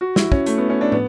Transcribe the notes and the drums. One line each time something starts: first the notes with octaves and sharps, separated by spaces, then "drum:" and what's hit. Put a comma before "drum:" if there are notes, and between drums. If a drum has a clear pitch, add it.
F#4
E4, drum: snare
C#4, drum: kick
A3, drum: hi-hat
B3
C#4
D4
B3, drum: tom